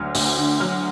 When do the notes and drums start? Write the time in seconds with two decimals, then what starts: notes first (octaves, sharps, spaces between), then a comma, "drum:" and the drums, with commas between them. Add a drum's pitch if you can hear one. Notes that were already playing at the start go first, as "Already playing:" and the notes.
Already playing: D2 F#3 F6
0.15 D2, drum: open hi-hat
0.37 D3
0.60 F#3 F6